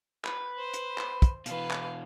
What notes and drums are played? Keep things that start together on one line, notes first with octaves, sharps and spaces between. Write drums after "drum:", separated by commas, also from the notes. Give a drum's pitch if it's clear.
B4, drum: clap
C5
drum: hi-hat
drum: clap
drum: kick, hi-hat
B2 E3 B4 F5, drum: hi-hat
drum: clap